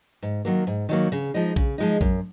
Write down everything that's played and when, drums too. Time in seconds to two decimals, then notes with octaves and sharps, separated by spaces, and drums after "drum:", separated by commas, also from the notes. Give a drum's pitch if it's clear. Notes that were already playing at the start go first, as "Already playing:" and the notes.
0.23 G#2
0.45 D#3 F#3 A#3
0.67 G#2
0.89 D#3 F#3 A#3
1.12 C#3
1.34 F3 G#3 D#4
1.56 C#3, drum: kick A#1
1.78 F3 G#3 D#4
2.01 F#2, drum: kick A#1